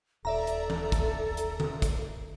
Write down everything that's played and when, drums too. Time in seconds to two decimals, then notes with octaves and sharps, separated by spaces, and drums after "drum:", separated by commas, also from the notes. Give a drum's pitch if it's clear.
0.25 D#1 A4 D5 E5 A#5
0.47 drum: hi-hat
0.70 drum: tom E3
0.92 drum: kick, hi-hat
1.37 drum: hi-hat
1.60 drum: tom D3
1.82 drum: kick, hi-hat